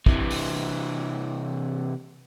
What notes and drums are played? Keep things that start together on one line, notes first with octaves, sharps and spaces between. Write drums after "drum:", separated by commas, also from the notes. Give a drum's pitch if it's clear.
C3 E3, drum: kick
drum: open hi-hat